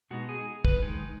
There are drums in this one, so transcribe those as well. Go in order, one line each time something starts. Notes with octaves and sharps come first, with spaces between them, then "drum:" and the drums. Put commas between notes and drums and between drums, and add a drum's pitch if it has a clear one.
B2 G#3 B3 D#4 F#4
G#4
B4, drum: kick
D#3 G#3 D#4